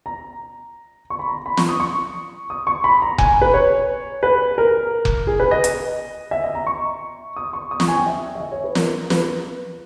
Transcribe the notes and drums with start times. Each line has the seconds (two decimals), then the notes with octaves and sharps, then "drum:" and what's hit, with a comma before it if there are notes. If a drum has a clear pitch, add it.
0.06 A#5
1.10 C#6
1.19 B5
1.28 A#5
1.46 B5
1.57 C#6, drum: snare
1.69 D#6
1.80 C#6
2.50 D#6
2.67 C#6
2.84 B5
3.02 A#5
3.18 G#5, drum: kick F1
3.42 B4
3.54 C#5
4.23 B4
4.58 A#4
5.05 drum: kick F1
5.27 G#4
5.40 B4
5.51 D#5
5.64 drum: hi-hat
6.31 E5
6.44 D#5
6.55 A#5
6.67 C#6
7.37 D#6
7.53 C#6
7.71 D#6
7.80 C#6, drum: snare
7.88 G#5
7.97 G5
8.06 E5
8.35 E5
8.40 D#5
8.52 C#5
8.64 B4
8.75 A#4, drum: snare
9.10 B4, drum: snare